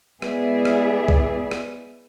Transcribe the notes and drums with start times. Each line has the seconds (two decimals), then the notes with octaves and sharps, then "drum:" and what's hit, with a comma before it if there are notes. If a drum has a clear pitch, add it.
0.22 G#3 B3 E4 G#4 D5 E5, drum: rim click
0.65 drum: rim click
1.08 drum: kick C2
1.51 drum: rim click